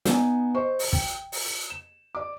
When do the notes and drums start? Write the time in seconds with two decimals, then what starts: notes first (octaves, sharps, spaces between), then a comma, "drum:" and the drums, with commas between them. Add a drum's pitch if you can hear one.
0.05 B3 D#4 G#5, drum: snare
0.54 C5 D#5 C#6
0.79 drum: open hi-hat
0.93 G5, drum: kick
1.32 drum: open hi-hat
1.70 E7
2.15 D5 D6